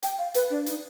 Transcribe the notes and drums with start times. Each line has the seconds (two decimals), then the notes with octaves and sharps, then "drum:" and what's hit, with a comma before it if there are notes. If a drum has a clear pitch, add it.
0.03 G5, drum: hi-hat
0.18 F5
0.34 B4, drum: hi-hat
0.50 D4
0.66 D#4, drum: hi-hat